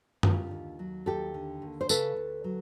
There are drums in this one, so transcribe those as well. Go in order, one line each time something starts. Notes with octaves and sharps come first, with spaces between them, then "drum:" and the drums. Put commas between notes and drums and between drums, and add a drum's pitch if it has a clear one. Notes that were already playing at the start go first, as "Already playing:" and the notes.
D3 F4 G4, drum: tom F#2
D#2
F#3
D#2 G4 A4
D3
D#2
C5
C#3 A4 B4, drum: tambourine
D2
F#3